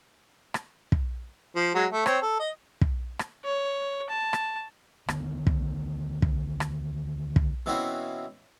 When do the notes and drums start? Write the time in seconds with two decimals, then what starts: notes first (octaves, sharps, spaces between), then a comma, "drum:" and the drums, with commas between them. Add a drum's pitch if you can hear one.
0.54 drum: rim click
0.92 drum: kick
1.56 F3
1.75 F#3 G#3
1.91 A3
2.06 C4 C#5, drum: rim click
2.22 A4
2.40 D#5
2.81 drum: kick
3.19 drum: rim click
3.44 C#5
4.09 A5
4.33 drum: rim click
5.08 D2 D3 D#3 B3, drum: rim click
5.47 drum: kick
6.22 drum: kick
6.60 drum: rim click
7.36 drum: kick
7.66 B2 E3 C4 C#4 E4 F#4